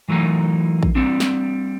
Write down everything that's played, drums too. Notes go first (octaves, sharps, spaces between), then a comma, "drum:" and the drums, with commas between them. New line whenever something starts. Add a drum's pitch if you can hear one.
E3 F#3 A3 A#3 D#4
drum: kick A1
G3 A#3 C4 D4
drum: snare